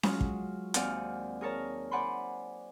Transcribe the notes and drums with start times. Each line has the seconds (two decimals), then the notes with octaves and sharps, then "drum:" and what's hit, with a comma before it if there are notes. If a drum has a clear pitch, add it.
0.03 F#3 G#3 F4, drum: snare C#4
0.21 drum: kick
0.74 D#2 C4 D5 F5 F#5 G#5, drum: hi-hat
1.41 G#4 A#4 C#5 A5 A#5
1.91 C5 D5 F#5 G#5 B5 C6